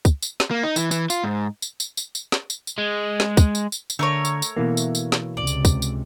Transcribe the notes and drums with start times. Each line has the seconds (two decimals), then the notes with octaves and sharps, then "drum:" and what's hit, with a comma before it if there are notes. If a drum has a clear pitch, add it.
0.05 drum: kick, tambourine
0.22 drum: tambourine
0.40 drum: snare
0.51 A#3
0.64 D#4
0.76 E3, drum: tambourine
0.91 E3, drum: tambourine
1.10 F4, drum: tambourine
1.24 G#2
1.62 drum: tambourine
1.80 drum: tambourine
1.97 drum: tambourine
2.15 drum: tambourine
2.32 drum: snare
2.50 drum: tambourine
2.67 drum: tambourine
2.78 G#3
3.20 drum: snare
3.37 drum: kick, tambourine
3.55 drum: tambourine
3.72 drum: tambourine
3.90 drum: tambourine
3.99 D3 A3 A#4 C#5
4.25 drum: tambourine
4.42 drum: tambourine
4.57 B2 E3 A#3
4.77 drum: tambourine
4.95 drum: tambourine
5.12 drum: snare
5.37 C#2 C3 D5
5.47 drum: tambourine
5.65 drum: kick, tambourine
5.82 drum: tambourine